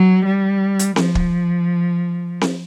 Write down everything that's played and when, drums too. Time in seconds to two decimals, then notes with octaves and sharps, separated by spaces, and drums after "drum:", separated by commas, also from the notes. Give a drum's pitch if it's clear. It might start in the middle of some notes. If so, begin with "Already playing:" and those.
Already playing: F#3
0.26 G3
0.79 drum: hi-hat
0.96 F3, drum: snare C4
1.15 drum: kick
2.41 drum: snare C4